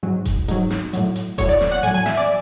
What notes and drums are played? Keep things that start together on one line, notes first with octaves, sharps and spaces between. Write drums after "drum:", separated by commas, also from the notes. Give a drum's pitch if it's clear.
G#2 F#3
drum: kick E1, hi-hat
G#2 F#3, drum: hi-hat
drum: snare
A2 F#3, drum: hi-hat
drum: hi-hat
A2 F#3 C#5, drum: kick E1, hi-hat
D5
drum: snare
F#5
A2 F#3 G#5, drum: hi-hat
G#5
E5, drum: snare
D5